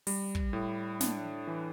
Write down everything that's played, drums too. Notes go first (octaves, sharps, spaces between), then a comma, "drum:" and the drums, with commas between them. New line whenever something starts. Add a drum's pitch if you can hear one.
G3, drum: open hi-hat
drum: kick
A2
D4, drum: snare
E3